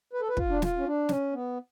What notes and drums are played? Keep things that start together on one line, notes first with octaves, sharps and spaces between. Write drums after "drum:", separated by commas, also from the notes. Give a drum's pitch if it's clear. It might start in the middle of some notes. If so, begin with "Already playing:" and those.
B4
A4
B4
F4, drum: kick
D4
F4, drum: snare
C#4
D4
C#4, drum: snare
B3